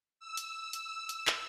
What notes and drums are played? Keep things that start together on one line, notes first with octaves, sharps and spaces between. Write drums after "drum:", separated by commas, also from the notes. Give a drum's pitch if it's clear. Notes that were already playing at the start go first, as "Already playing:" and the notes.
E6
drum: hi-hat
drum: hi-hat
drum: hi-hat
drum: clap